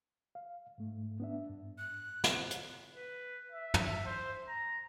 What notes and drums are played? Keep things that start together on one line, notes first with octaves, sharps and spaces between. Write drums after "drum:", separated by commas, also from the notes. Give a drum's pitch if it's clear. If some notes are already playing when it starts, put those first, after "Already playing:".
F5
G#2 A3
B3 D4 E5
G2
F#6
drum: snare
drum: hi-hat
B4
E5
drum: tom
C5
A#5